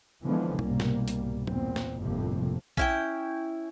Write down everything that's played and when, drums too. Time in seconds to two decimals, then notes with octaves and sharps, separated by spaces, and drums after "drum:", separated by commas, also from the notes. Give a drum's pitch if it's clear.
0.23 D3 E3 F3 G#3 B3 C#4
0.59 C2 G#2 B2 G3 A#3, drum: tom
0.80 drum: snare
1.08 drum: hi-hat
1.47 E2 A#2 C4, drum: tom
1.76 drum: snare
2.00 G1 F2 A2 C3 F3 A#3
2.77 C#4 E4 G5, drum: kick A#1